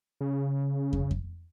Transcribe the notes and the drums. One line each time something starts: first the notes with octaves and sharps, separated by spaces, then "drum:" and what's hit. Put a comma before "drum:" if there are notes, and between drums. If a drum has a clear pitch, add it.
C#3
drum: kick
drum: kick